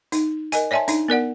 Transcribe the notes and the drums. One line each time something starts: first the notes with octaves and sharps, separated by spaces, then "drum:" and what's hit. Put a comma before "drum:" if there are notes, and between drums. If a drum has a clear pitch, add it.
D#4, drum: hi-hat
A#4 D#5 G#5, drum: hi-hat
C#5 D5 E5 G#5 A5 C6
D4 D#4, drum: hi-hat
B3 A#4 D5 F#5